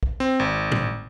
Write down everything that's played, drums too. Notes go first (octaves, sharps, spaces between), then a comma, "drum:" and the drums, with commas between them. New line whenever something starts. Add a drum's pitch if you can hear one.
drum: kick
C4
G#1
drum: tom A2